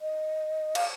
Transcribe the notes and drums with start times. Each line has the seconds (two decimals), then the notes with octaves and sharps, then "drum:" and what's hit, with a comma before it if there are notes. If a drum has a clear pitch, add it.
0.01 D#5
0.75 F5, drum: cymbal